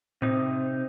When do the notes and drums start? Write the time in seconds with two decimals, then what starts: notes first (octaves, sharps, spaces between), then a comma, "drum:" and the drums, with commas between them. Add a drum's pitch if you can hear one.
0.22 C3 C4 D#4, drum: tom A2